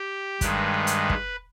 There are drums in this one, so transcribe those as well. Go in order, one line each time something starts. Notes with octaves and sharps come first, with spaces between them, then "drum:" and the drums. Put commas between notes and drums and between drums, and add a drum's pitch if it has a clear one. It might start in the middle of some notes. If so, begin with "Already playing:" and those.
Already playing: G4
G2 D#3 G#3 B4, drum: kick, hi-hat
drum: hi-hat
drum: kick